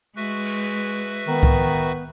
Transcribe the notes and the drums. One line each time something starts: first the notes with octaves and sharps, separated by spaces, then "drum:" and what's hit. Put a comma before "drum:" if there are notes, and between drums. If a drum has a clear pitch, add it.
G#3 F#4 B4 E5
drum: cymbal
D#3 B3
drum: kick C2